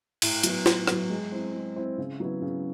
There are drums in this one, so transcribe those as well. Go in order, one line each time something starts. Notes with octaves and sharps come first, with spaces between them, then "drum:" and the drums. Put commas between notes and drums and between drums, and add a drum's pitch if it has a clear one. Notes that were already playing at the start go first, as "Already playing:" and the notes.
A2, drum: cymbal
F#3 B3, drum: hi-hat
A2, drum: snare
F#3 B3, drum: rim click
G#3
C4 E4
G#3
C4 E4
C#3
F#3 B3 E4
C#3